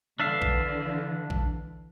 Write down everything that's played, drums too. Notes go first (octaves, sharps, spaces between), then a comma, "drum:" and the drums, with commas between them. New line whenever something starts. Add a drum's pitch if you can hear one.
D3 E3 D4 E5 F5
drum: kick A#1
drum: kick A#1